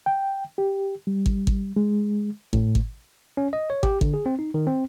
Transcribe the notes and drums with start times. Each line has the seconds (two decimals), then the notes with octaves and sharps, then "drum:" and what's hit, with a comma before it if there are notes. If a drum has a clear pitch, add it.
0.06 G5
0.58 G4
1.07 G3
1.26 drum: kick
1.47 drum: kick
1.76 G#3
2.53 A2, drum: kick
2.75 drum: kick
3.37 C#4
3.53 D#5
3.70 C#5
3.83 G4, drum: kick
4.01 D3, drum: kick
4.14 G#4
4.26 C4
4.39 D#4
4.54 D#3
4.67 C4